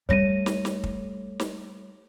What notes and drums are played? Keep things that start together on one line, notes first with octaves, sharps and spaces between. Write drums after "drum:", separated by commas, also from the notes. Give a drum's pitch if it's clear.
G3 A3 C#5 A#6 D#7
drum: snare
drum: snare
drum: kick
drum: snare